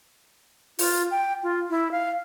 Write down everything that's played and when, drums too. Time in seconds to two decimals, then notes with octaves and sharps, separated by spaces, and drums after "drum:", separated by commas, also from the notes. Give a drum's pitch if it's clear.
0.79 F4, drum: open hi-hat
1.11 G5
1.43 F4
1.70 E4
1.91 F5